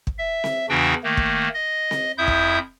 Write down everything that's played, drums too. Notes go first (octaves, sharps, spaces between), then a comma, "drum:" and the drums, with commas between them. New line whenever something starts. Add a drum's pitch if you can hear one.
drum: kick
E5
drum: snare C4
E2 C#3 E3 D4 F#4 G5
D#3 A3 A#3
drum: kick
D#5
drum: snare C4
F2 E4 E5 D#6 G6
drum: kick